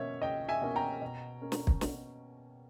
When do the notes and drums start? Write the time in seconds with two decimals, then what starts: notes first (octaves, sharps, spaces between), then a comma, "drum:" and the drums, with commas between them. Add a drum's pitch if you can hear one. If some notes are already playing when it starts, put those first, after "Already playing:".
Already playing: B2 A#3 C#4 C#5 E5
0.22 C#2 D#5 G5
0.49 E5 G#5
0.61 B2 A#3 C#4
0.76 G5 A#5
1.01 B2
1.42 A#3 C#4
1.52 drum: snare
1.67 drum: kick
1.81 B2, drum: snare